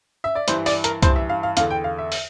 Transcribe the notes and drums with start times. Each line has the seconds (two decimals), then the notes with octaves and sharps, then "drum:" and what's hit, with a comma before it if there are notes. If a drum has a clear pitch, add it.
0.24 E5
0.35 D5
0.48 G2 E3 C5, drum: hi-hat
0.66 D5, drum: open hi-hat
0.84 A#4, drum: hi-hat
1.02 G2 E3 C5, drum: kick, hi-hat
1.16 E5
1.29 F5
1.43 F5
1.57 E2 D3 F5, drum: hi-hat
1.71 G5
1.84 F5
1.98 E5
2.12 drum: open hi-hat